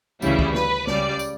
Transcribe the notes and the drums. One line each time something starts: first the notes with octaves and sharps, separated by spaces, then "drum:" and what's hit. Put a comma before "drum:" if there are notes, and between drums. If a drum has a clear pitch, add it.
D2 C#3 E3 G3 E4, drum: tambourine
drum: kick
B4, drum: snare
C#2 C#3 G3 D5, drum: snare
drum: tambourine